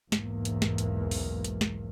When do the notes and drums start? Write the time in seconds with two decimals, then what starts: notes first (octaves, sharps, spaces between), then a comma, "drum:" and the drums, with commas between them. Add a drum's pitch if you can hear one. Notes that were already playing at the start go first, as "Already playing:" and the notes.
0.12 B1 E2 G#2 A#3, drum: snare
0.45 drum: hi-hat
0.62 drum: snare
0.78 drum: hi-hat
1.11 drum: open hi-hat
1.44 drum: hi-hat
1.61 drum: snare